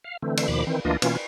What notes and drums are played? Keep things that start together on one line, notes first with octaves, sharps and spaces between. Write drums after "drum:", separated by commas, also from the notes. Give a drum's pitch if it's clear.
F5
D3 E3 A3 C4
drum: cymbal
D#2 B2 D#3 F3 B5 D6
D#3 E3 C4
D2 E3 A#3 D4 F4 D#5
B2 E3 A#3 C#4 F4, drum: cymbal